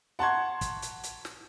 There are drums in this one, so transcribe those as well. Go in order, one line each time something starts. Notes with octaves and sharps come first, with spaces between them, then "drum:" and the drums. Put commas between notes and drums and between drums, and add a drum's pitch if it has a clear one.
F#5 A5 A#5 C6 C#6 G#6
drum: kick, hi-hat
drum: hi-hat
drum: hi-hat
drum: snare